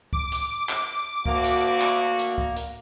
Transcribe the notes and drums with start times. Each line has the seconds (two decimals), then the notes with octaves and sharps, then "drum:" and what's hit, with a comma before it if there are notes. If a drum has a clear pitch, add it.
0.13 D6, drum: kick C#2
0.32 drum: hi-hat
0.69 drum: clap
1.26 D2 A#3 F#4, drum: kick C#2
1.44 drum: hi-hat
1.82 drum: clap
2.19 drum: hi-hat
2.38 drum: kick C#2
2.57 drum: hi-hat